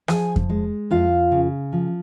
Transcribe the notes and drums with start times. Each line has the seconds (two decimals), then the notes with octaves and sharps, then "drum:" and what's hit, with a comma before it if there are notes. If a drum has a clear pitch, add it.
0.08 F3 G#4 G#5, drum: rim click
0.36 drum: kick F2
0.49 G#3
0.91 F2 F4 F5
1.32 C#3
1.73 F3